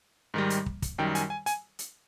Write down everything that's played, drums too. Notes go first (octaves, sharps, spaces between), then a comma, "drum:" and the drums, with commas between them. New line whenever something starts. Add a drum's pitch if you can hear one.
G#2 D#3 G3
drum: hi-hat
drum: kick
drum: kick, hi-hat
F#2 D#3 G3 G5
G#5, drum: hi-hat
G#5
G#5, drum: hi-hat
drum: hi-hat